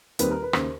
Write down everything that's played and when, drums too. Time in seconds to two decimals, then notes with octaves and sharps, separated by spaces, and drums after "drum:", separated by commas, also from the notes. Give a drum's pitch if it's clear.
0.19 D#2 D#3 G3 C4 B4, drum: hi-hat
0.31 A#4
0.42 B4
0.53 D#2 C#3 C5, drum: rim click